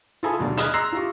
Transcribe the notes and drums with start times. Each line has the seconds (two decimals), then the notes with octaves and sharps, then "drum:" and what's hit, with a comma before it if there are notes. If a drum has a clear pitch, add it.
0.23 F4 G#4 A4 G#5 B5 D#6
0.39 D#2 B2 F#3 D4
0.57 G#4 D#5 D#6 F6 F#6, drum: hi-hat
0.74 A#5 C6 E6 F#6 A#6 C7
0.93 F4 G4 C#6